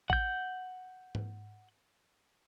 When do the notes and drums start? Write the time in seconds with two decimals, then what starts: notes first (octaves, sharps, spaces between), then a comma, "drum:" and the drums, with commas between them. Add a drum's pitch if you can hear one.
0.10 F#5 G6, drum: kick A1
1.15 drum: tom G#2